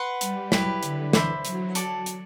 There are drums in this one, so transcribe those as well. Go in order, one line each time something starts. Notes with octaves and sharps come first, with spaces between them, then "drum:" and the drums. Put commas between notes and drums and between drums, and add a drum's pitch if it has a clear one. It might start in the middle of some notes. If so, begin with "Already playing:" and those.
Already playing: B4 F#5 C6
G3, drum: hi-hat
F#3 E4 G4 B4, drum: snare
D3, drum: hi-hat
E3 C5 E5 B5 D6, drum: snare
F#3, drum: hi-hat
F#3 A4 D5 A5, drum: hi-hat
drum: hi-hat